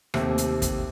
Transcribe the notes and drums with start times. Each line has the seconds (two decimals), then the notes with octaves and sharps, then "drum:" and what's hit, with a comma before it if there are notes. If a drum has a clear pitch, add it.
0.14 D#2 C3 A3, drum: rim click
0.38 drum: hi-hat
0.62 drum: kick, hi-hat